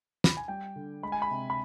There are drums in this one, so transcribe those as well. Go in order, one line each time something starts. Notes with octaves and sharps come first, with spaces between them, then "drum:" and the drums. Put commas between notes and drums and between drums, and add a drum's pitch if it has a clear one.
B5, drum: snare
G#5
G3 G5
D3
G#3 B5
G#5
B5
C3
B5